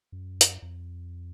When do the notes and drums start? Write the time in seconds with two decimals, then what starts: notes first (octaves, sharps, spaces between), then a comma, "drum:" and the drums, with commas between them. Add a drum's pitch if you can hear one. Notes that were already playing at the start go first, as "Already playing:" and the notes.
0.12 F#2
0.41 drum: hi-hat
0.62 F2